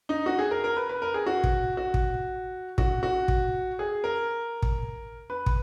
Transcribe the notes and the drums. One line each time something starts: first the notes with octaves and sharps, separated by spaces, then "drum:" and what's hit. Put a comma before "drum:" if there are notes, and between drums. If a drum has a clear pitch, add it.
D#4
F#4
G#4
A#4
A#4
B4
B4
A#4
G#4
F#4
drum: kick
F#4
drum: kick
F#4, drum: kick
F#4
drum: kick
G#4
A#4
drum: kick
B4
drum: kick